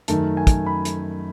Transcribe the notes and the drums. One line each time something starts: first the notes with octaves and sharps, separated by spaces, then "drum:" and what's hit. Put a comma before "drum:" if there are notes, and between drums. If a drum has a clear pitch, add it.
F#2 D#3 A3 A5, drum: hi-hat
G#5
drum: kick, hi-hat
B5
drum: hi-hat